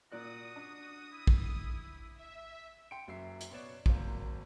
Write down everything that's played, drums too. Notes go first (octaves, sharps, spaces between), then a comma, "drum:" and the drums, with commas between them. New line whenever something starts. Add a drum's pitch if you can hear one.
A#2 F#4 D5 D#6 F#6
D4
E4
drum: kick
E5
G5 C6 C#7 D7
F#1 F#3 E5 C7
drum: hi-hat
B2 B3 C#5 D5 E7
G#1 F#3 A#3 C5, drum: kick